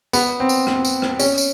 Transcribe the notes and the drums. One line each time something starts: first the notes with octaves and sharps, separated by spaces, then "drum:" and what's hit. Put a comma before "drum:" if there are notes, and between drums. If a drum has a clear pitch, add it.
B3, drum: tambourine
C4
drum: tambourine
drum: rim click
drum: tambourine
drum: rim click
C#4, drum: tambourine
drum: tambourine